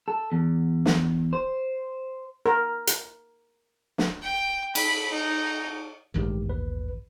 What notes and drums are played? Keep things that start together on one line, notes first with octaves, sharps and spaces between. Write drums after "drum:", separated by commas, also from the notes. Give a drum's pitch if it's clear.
A4
E2
drum: snare
C5
A#4
drum: hi-hat
drum: snare
G5
B5, drum: cymbal
D#4
A1 G2 D#3 G#3 G4
D#2 B4